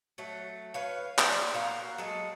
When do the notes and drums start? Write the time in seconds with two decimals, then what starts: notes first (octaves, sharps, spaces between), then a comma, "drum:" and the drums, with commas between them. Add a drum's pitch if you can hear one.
0.18 F#3 A3
0.74 B4 C#5 F5
1.19 D5, drum: clap
1.54 A#3 F#4 F5
1.98 F#3 G#3 G#4 A4